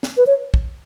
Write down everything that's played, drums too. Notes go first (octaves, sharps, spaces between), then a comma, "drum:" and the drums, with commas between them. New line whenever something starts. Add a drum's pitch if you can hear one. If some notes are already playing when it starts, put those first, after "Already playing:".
drum: snare
B4
C#5
drum: kick